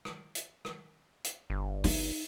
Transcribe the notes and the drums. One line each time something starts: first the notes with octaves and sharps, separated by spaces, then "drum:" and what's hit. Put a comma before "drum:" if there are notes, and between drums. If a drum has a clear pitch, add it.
drum: rim click
drum: hi-hat
drum: rim click
drum: hi-hat
G1
D#4, drum: open hi-hat